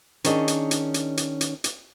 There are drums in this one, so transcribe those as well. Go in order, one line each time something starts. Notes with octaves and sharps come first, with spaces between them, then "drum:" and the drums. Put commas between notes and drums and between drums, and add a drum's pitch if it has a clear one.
D#3 C#4 D4 G#4 D#5, drum: hi-hat
drum: hi-hat
drum: hi-hat
drum: hi-hat
drum: hi-hat
drum: hi-hat
drum: hi-hat